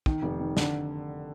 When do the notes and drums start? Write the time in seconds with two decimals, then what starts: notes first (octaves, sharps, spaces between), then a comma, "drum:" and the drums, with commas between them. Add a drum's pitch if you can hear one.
0.06 D#3, drum: kick
0.22 F1
0.40 D#3
0.57 D3, drum: snare